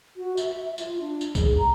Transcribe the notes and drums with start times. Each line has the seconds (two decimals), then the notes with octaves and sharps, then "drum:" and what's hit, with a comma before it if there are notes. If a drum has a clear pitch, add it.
0.16 F#4
0.37 E5, drum: tambourine
0.58 E5
0.78 F4, drum: tambourine
1.00 D4
1.21 drum: tambourine
1.35 G#4, drum: kick, tambourine
1.58 A#5